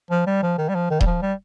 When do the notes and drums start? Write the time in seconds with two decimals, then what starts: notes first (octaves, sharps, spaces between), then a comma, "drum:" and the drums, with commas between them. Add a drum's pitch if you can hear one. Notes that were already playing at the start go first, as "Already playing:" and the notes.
0.11 F3
0.27 G3
0.43 F3
0.58 D#3
0.69 G3
0.75 F3
0.90 D#3
1.01 G3, drum: kick D#1
1.06 F3
1.22 G3